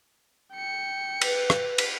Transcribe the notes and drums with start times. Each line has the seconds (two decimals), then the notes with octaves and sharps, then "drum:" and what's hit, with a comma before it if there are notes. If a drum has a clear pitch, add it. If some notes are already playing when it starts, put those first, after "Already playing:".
0.54 G5 C#7
1.21 B4, drum: cymbal
1.50 drum: rim click
1.78 drum: cymbal